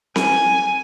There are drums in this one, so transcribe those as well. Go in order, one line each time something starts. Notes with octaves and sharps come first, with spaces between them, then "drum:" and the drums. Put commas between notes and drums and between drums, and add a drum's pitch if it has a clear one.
G#5, drum: snare C4